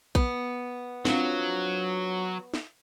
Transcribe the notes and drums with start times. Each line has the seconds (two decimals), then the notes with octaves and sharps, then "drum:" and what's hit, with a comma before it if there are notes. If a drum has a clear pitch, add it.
0.15 B3, drum: kick A#1
1.05 F#3 C4 D4 F4, drum: snare
2.54 drum: snare